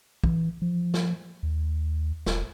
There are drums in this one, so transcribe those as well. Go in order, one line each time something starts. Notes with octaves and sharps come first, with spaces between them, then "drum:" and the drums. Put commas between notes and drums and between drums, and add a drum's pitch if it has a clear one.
E3, drum: kick
F3
drum: snare
D#2
E1, drum: snare